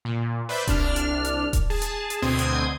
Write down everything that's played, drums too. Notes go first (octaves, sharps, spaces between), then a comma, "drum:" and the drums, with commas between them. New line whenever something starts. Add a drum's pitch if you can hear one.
A#2
B4 C5 D5 E5 B5 G6
C2 D4 F6, drum: kick D#1, hi-hat
drum: hi-hat
drum: hi-hat
drum: kick D#1, hi-hat
G#4 A5
drum: hi-hat
drum: hi-hat
D2 B2 C4 C6 D#6 G#6
drum: hi-hat